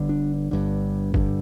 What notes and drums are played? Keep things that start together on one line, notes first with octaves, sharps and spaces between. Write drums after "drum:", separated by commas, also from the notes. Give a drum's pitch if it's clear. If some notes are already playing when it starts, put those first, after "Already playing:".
Already playing: G1 G2 D3
D4
G1 G2 D3
G2 D3, drum: kick F#1